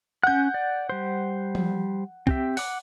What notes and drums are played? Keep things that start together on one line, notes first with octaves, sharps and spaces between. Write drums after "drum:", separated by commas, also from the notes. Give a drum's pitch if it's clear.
C#4 F#5 F#6 G6
D5
G3 C5
drum: tom F3
C4 G4 E5, drum: kick
F#5 D6, drum: open hi-hat